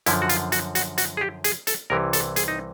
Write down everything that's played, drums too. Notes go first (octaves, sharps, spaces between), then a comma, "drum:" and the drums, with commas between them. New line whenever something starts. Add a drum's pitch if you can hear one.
F#2 D3 F3 E4, drum: hi-hat
F#4
F4, drum: hi-hat
F#4, drum: hi-hat
F#4, drum: hi-hat
F#4, drum: hi-hat
G#4
G4
G#4, drum: hi-hat
A4, drum: hi-hat
C2 C3 E3 A#4
A4, drum: hi-hat
G#4, drum: hi-hat
D#4